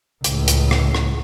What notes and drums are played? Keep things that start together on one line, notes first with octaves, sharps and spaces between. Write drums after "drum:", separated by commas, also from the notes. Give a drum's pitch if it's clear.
C#2 A2, drum: hi-hat
drum: hi-hat
drum: rim click
drum: rim click